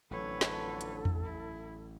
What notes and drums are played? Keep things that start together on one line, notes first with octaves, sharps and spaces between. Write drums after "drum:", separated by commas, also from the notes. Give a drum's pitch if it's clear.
A1 F2 D3 F#3 A4 B4 C#5
drum: snare
drum: hi-hat
drum: tom E2
E4